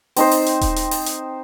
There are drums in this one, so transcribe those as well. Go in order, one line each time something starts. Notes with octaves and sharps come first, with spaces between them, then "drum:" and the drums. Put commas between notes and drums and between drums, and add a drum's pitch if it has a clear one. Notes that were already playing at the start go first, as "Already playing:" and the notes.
C4 D#4 C5, drum: open hi-hat
drum: open hi-hat
drum: hi-hat
drum: kick D#1, hi-hat
drum: hi-hat
drum: open hi-hat
drum: hi-hat